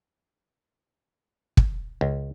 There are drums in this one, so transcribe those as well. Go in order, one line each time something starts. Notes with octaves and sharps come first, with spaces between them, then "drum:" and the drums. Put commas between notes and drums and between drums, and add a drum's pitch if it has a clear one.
drum: kick
C#2